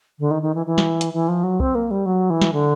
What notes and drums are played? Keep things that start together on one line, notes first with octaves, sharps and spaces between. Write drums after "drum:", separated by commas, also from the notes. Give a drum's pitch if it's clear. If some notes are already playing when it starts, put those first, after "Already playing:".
D3
D#3
D#3
E3
E3
drum: snare
drum: hi-hat
E3
F3
F#3
C4, drum: kick C2
A#3
G3
F#3
E3
drum: snare
D3